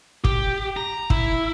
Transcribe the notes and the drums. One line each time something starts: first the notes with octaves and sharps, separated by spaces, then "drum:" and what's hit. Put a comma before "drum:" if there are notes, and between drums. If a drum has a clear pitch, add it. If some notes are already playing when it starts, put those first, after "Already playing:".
G4, drum: kick
A#5
E4, drum: kick